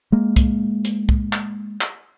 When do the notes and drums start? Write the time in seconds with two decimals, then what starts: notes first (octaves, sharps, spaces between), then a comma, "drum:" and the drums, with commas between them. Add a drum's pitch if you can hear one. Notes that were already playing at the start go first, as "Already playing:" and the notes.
0.12 G#3 A#3
0.36 drum: kick, hi-hat
0.85 drum: hi-hat
1.09 drum: kick
1.33 drum: clap
1.81 drum: clap